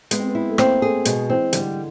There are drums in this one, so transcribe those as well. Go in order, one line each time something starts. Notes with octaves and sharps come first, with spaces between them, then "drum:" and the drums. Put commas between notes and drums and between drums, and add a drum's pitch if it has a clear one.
G#3 B3, drum: hi-hat
C4
B3
E4
A3
A#3 C4, drum: rim click
A3 G#4
B2 G#3, drum: hi-hat
E3 C4
D3 G3, drum: hi-hat